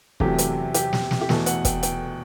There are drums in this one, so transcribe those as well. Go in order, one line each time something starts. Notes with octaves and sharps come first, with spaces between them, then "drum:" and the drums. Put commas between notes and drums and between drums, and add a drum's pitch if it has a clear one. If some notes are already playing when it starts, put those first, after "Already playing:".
E2 C3 F#3 A3 G4, drum: kick
drum: hi-hat
G4, drum: hi-hat
drum: snare
drum: snare
G4
E2 B2 A3 A4, drum: snare
F#5, drum: hi-hat
G5, drum: kick, hi-hat
G5, drum: hi-hat